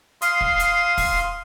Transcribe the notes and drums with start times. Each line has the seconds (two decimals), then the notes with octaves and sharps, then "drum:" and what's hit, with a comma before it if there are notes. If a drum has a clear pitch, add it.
0.22 F5 C6 D#6, drum: hi-hat
0.41 drum: kick
0.60 drum: hi-hat
0.98 drum: kick, open hi-hat